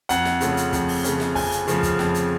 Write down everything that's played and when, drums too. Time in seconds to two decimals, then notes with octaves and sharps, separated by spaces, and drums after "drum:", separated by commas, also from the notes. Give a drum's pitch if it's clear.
0.09 F2 F#5, drum: hi-hat
0.25 drum: snare
0.41 C#3 F3 A3 C#4, drum: hi-hat
0.57 drum: hi-hat
0.73 F2, drum: kick, hi-hat
0.88 drum: open hi-hat
1.04 C#3 F3 A3 C#4, drum: hi-hat
1.20 drum: snare
1.35 F2 G#5, drum: kick, open hi-hat
1.51 drum: hi-hat
1.67 C#3 F3 A3 C#4, drum: hi-hat
1.83 drum: kick, hi-hat
1.99 F2, drum: snare
2.14 drum: hi-hat